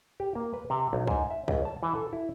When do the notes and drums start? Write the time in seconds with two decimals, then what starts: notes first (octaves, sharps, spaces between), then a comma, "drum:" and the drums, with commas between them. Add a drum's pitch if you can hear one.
0.20 G4
0.35 A#3
0.53 B4
0.70 C3
0.93 B1
1.07 G#2, drum: kick
1.31 E5
1.48 C#2, drum: kick
1.65 A5
1.83 E3
1.95 A4
2.13 E4